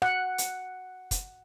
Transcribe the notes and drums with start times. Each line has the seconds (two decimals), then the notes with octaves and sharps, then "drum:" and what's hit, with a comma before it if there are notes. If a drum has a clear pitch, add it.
0.02 F#5, drum: rim click
0.38 drum: hi-hat
1.11 drum: kick, hi-hat